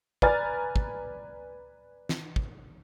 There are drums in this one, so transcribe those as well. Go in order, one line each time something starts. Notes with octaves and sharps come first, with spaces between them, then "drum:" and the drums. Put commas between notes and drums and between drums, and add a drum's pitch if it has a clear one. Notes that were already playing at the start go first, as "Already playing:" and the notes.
B4 D5 G#5 A#5 F6 A6, drum: kick
drum: kick
drum: snare
drum: kick